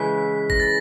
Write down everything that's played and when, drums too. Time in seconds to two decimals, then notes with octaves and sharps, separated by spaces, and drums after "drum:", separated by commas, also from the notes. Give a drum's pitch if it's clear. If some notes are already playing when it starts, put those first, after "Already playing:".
Already playing: C#3 E3 G#3 B6
0.50 A#6, drum: kick G1
0.60 A6